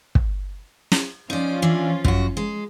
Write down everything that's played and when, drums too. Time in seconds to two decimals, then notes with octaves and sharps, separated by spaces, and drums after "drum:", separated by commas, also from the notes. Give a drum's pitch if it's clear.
0.15 drum: kick
0.92 drum: snare
1.30 F3 C#4 D#4 F4 D5
1.62 E3 D4
2.05 F#2 F#4, drum: kick
2.37 G#3